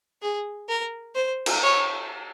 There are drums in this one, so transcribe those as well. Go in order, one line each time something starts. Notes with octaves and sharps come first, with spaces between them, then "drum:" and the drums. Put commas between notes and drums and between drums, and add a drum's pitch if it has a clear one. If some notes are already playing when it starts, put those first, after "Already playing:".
G#4
A#4
C5
drum: cymbal
C#5